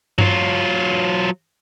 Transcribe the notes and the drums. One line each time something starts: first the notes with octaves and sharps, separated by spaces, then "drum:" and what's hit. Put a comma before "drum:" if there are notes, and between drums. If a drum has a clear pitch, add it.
F#3 F4, drum: tom G2